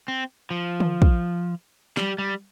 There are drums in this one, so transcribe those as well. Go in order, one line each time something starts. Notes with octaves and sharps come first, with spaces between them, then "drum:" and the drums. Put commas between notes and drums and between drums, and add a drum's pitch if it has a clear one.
C4
F3
drum: tom
drum: kick
G3, drum: snare
G3